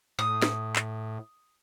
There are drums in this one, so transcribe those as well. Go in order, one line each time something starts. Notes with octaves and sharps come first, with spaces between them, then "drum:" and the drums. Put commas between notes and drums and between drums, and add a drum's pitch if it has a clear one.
A2 D#6
drum: snare
drum: clap